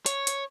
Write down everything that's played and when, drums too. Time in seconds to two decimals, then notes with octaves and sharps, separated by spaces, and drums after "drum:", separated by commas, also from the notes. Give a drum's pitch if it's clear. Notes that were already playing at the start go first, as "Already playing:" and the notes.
0.06 C#5, drum: hi-hat
0.27 drum: hi-hat